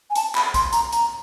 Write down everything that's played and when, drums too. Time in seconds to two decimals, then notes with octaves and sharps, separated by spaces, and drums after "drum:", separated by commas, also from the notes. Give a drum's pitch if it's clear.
0.10 G#5
0.15 A5, drum: hi-hat
0.35 B5, drum: clap
0.54 C6, drum: kick, hi-hat
0.73 A#5, drum: hi-hat
0.92 A#5, drum: hi-hat